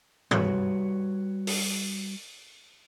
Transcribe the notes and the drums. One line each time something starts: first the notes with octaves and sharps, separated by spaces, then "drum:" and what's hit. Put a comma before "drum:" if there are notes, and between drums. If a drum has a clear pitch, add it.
G3 F#4 B4 C#5, drum: tom G2
drum: open hi-hat